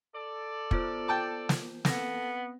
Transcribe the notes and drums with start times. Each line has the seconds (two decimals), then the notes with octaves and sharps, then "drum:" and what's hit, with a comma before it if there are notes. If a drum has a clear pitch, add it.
0.15 A4 D5
0.71 B3 F4 C5, drum: kick
1.08 G5 A5 D6
1.49 drum: snare
1.85 B3 C4 A4 A#6, drum: snare